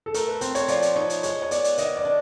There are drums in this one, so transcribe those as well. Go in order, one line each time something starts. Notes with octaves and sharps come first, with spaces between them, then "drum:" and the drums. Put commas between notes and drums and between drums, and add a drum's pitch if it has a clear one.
A4
A3 A#4, drum: hi-hat
B4
C4 C5, drum: hi-hat
C#5, drum: hi-hat
F3 D5, drum: hi-hat
drum: hi-hat
D#4 C#5
drum: hi-hat
G#3 C#5, drum: hi-hat
C#5
B3 D5, drum: hi-hat
drum: hi-hat
D#3 D#5, drum: hi-hat
D5
D4